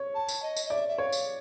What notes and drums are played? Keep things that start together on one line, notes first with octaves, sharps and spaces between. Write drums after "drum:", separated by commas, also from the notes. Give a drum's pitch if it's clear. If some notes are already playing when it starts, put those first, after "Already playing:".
Already playing: C#5
A5
drum: tambourine
D#5
drum: tambourine
D#5
D5 E5
E5
C#5 F5
drum: tambourine